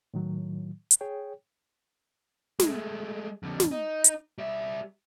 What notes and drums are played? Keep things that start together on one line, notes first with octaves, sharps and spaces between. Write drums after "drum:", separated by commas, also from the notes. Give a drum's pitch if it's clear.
A2 D#3 F#3
drum: hi-hat
G#4 C#5 G5
G#3 A3, drum: snare
F2 D3
drum: snare
D#4
drum: hi-hat
G3 E5